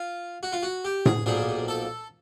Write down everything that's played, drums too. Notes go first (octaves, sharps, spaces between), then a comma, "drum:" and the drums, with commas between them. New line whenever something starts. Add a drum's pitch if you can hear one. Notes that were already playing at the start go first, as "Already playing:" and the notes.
Already playing: F4
F#4
F4
F#4
G4
G#4, drum: tom A2
B1 A#2 F3 G#4
A4